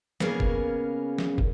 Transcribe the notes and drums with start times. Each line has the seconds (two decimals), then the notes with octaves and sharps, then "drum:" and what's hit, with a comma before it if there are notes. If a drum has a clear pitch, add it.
0.20 C#3 A#3 B3 C#4 G#4 A#4, drum: snare
0.40 drum: kick
1.18 drum: snare
1.38 drum: kick